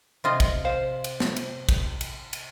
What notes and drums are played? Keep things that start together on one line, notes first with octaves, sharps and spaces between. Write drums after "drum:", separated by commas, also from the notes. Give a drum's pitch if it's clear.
C3 F4 D#5
drum: kick, cymbal
C5 F5
drum: cymbal
drum: snare
drum: cymbal
drum: kick, cymbal
drum: cymbal
drum: cymbal